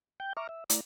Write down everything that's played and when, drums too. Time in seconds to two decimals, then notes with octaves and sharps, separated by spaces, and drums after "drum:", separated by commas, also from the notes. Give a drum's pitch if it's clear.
0.20 G5 G6
0.37 E5 A#5 C#6 D6 F6
0.49 E5
0.70 A3 E4 D5 A#5, drum: hi-hat